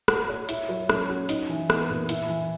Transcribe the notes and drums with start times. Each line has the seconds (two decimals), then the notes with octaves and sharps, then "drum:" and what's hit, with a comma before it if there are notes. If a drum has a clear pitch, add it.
0.08 F#4, drum: rim click
0.29 C#5
0.49 E4, drum: hi-hat
0.69 F#3
0.89 C#4, drum: rim click
1.09 F#4
1.29 D#4, drum: hi-hat
1.49 E3
1.70 B3, drum: rim click
1.90 A#2
2.09 E4, drum: hi-hat
2.29 E3